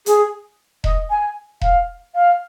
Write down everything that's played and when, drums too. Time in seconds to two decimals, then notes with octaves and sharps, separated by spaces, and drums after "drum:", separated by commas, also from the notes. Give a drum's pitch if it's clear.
0.06 G#4, drum: hi-hat
0.84 D#5, drum: kick E1
1.10 G#5
1.61 F5, drum: kick E1
2.14 F5